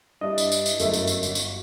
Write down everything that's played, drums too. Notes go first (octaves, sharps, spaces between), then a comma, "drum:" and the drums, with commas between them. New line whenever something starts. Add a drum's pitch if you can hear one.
G2 D4 E4 D#5
drum: tambourine
drum: tambourine
drum: tambourine
G1 F#2 A3 E4, drum: tambourine
drum: tambourine
drum: tambourine
G1 F#4, drum: tambourine
drum: tambourine